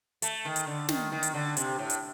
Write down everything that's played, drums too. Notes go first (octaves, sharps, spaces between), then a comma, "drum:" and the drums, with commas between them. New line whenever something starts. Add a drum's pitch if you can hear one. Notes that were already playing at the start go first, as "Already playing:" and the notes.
A3, drum: hi-hat
D#3
drum: hi-hat
D3
D#3, drum: snare
D#3
drum: hi-hat
D3
C3, drum: hi-hat
A2
drum: hi-hat